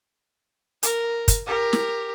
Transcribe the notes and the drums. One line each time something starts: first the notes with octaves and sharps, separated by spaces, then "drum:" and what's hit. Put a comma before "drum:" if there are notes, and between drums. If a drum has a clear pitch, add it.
A#4, drum: hi-hat
drum: kick, hi-hat
G4 A#4
drum: snare